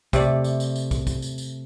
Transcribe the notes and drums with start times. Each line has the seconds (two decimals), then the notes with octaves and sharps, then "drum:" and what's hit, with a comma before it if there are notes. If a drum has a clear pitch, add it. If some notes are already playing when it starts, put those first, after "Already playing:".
0.13 C3 A3 D5, drum: kick, tambourine
0.44 drum: tambourine
0.60 drum: tambourine
0.76 drum: tambourine
0.91 drum: kick, tambourine
1.07 drum: kick, tambourine
1.22 drum: tambourine
1.38 drum: tambourine